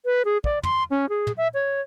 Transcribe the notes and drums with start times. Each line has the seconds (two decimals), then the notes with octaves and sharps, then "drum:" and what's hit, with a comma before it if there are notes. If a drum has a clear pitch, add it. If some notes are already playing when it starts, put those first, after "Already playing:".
0.05 B4
0.25 G#4
0.44 D5, drum: kick
0.63 C6, drum: tom
0.90 C#4
1.09 G#4
1.27 drum: tom
1.37 E5
1.54 C#5